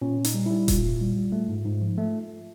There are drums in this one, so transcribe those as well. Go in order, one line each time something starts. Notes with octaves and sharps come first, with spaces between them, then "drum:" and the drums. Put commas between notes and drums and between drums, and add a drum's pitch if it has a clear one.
A#2 C#4
A#2
D#4, drum: hi-hat
G3
G3 E4
A#2 F4, drum: kick E1, hi-hat
A#2
G3
G3
A3
G#2
G#2
F3
A3